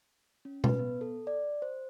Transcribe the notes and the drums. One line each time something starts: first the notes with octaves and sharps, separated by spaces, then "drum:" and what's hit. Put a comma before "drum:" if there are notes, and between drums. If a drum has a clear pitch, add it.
C#4
B4, drum: tom B2
B3
A4
D5
C5